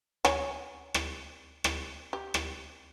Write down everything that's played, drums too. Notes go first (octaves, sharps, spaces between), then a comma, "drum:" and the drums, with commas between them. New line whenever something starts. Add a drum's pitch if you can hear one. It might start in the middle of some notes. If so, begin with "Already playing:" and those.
C#5 G#5, drum: rim click
drum: rim click
drum: rim click
G4
drum: rim click